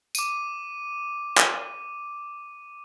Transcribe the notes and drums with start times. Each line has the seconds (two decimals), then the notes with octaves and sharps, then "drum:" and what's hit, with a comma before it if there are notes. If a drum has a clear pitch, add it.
0.15 D6 D#7, drum: tambourine
1.38 drum: clap